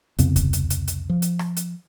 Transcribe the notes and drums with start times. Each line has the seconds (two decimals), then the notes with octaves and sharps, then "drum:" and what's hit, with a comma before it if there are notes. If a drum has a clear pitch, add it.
0.18 C2 F2 C#3 B3, drum: hi-hat
0.36 drum: kick D2, hi-hat
0.53 drum: hi-hat
0.70 drum: hi-hat
0.88 drum: hi-hat
1.09 F3
1.22 drum: hi-hat
1.39 drum: rim click
1.57 drum: hi-hat